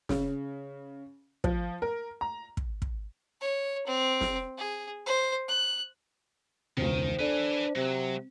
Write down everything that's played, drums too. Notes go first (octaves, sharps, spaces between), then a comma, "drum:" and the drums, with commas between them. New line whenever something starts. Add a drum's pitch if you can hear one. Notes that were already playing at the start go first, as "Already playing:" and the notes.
C#3, drum: snare
F3, drum: kick
A#4
A#5
drum: kick
drum: kick
C#5
C4
drum: snare
G#4
C5
F#6
E1 C#2 D#3 C5
D4 A4 B4 D5 G#5
C3 F#3 C4